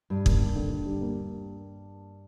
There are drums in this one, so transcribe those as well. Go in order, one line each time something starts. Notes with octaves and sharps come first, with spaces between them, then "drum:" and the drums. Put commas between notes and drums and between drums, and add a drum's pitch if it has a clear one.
G2 G3
D#2, drum: kick
D#2
D3
D3
G3
A#3